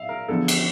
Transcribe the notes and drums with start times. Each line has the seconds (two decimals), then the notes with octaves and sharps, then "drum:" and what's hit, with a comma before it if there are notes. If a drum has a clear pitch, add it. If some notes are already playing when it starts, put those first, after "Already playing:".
Already playing: E5 F5
0.09 A#4
0.28 E2 D3 F3 A4
0.48 drum: cymbal